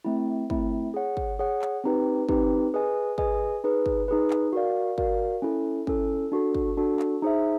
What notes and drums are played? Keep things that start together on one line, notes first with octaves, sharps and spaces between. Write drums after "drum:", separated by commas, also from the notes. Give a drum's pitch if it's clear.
A3 C4 E4
A3 C4 E4, drum: kick
G#4 C#5 F#5
drum: kick
G#4 C#5 F#5
drum: clap
C4 D#4 G4 B4
C4 D#4 G4 B4, drum: kick
G#4 B4 D#5 G#5
G#4 B4 D#5 G#5, drum: kick
D#4 G#4 B4
drum: kick
D#4 G#4 B4
drum: clap
F#4 A#4 D5 F5
F#4 A#4 D5 F5, drum: kick
C#4 E4 A4
C#4 E4 A4, drum: kick
D4 F#4 A4
drum: kick
D4 F#4 A4
drum: clap
D#4 G#4 C5 E5